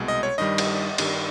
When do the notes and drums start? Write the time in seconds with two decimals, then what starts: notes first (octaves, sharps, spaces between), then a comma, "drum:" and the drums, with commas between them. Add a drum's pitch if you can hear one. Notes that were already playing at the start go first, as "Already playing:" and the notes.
Already playing: C2 B2 G#3
0.08 D#5
0.23 C#5
0.38 G2 D#3 G3 D#5
0.58 drum: cymbal
0.98 G2 D#3 G3, drum: cymbal